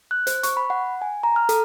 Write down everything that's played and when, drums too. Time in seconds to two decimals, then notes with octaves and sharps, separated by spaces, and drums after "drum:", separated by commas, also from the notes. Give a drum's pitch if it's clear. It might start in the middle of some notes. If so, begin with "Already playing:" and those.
0.11 F#6
0.27 C5, drum: hi-hat
0.43 C#6, drum: hi-hat
0.57 B5
0.70 F#5
1.02 G#5
1.23 A#5
1.36 F6
1.49 A4, drum: hi-hat